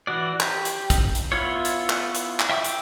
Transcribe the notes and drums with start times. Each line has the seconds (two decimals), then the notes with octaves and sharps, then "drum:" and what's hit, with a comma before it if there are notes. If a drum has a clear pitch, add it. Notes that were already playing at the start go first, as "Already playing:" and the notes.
0.07 E3 F#4 D5
0.40 G4, drum: clap
0.65 drum: hi-hat
0.90 drum: kick, hi-hat
1.15 drum: hi-hat
1.32 B3 E4 F4 C#5
1.65 drum: hi-hat
1.90 drum: clap
2.15 drum: hi-hat
2.40 drum: clap
2.50 E5 G5 C#6 D6 E6
2.64 drum: hi-hat